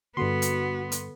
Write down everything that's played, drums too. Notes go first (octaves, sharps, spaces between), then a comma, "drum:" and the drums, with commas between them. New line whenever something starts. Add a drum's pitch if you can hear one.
G2 D3 B3 F#4 A4 C6
drum: hi-hat
drum: hi-hat